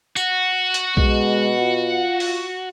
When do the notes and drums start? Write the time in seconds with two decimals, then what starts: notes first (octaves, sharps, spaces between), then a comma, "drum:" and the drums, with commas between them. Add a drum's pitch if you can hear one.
0.16 F#4, drum: tambourine
0.74 drum: hi-hat
0.97 B2 G#3, drum: kick B1
1.61 F4
2.20 drum: open hi-hat